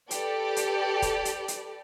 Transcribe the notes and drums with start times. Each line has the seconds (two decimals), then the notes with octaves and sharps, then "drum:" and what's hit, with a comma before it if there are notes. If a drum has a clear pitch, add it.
0.11 G4 A4 B4 D5, drum: hi-hat
0.56 drum: hi-hat
1.02 drum: kick, hi-hat
1.25 drum: hi-hat
1.48 drum: hi-hat